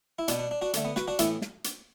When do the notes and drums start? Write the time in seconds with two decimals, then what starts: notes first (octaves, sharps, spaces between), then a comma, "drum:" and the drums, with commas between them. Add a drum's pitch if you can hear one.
0.19 E4
0.28 B2 B3 D4, drum: hi-hat
0.39 D4
0.51 D4
0.61 D4 F#4
0.74 D3 A3, drum: hi-hat
0.85 B3
0.96 F#4 B4, drum: snare
1.08 D4 F#4
1.19 A2 E3 B3 E4, drum: hi-hat
1.42 drum: snare
1.64 drum: hi-hat